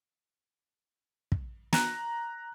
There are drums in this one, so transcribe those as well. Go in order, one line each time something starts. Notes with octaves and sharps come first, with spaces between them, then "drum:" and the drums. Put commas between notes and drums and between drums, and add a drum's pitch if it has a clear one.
drum: kick
A#5 F#6, drum: snare